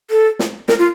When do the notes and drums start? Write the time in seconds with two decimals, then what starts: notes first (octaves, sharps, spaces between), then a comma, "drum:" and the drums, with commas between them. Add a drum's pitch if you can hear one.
0.11 A4
0.39 drum: snare
0.68 A#4, drum: snare
0.78 F4